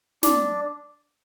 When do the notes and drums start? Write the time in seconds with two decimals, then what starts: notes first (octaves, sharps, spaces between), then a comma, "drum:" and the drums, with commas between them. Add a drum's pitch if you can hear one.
0.23 D4, drum: snare